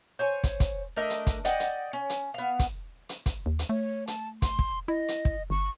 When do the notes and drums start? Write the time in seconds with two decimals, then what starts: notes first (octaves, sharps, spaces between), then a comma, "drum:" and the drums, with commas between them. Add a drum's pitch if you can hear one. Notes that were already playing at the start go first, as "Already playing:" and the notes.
0.19 C5 C#5 G#5
0.44 drum: kick, hi-hat
0.60 drum: kick, hi-hat
0.96 A3 D4 A#4 D#5
1.10 drum: hi-hat
1.27 drum: kick, hi-hat
1.45 D5 D#5 F#5 G5, drum: hi-hat
1.60 drum: hi-hat
1.93 C#4
2.10 drum: hi-hat
2.34 B3 F5
2.59 drum: kick, hi-hat
3.09 drum: hi-hat
3.26 drum: kick, hi-hat
3.46 D#2
3.59 drum: hi-hat
3.69 A3 C#5
4.07 A5, drum: hi-hat
4.42 C6, drum: kick, hi-hat
4.59 drum: kick
4.88 E4 D#5
5.08 drum: hi-hat
5.25 drum: kick
5.50 G1 C#6